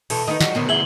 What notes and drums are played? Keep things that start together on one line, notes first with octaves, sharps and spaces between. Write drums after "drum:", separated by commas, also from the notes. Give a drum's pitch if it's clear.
E2 B2 B3 A4, drum: cymbal
D#3 B3 D#4 D#5
F3 G3 F#4, drum: snare
D2 B2 D#3 F#3 B3
E2 G#4 E5 F#7 G7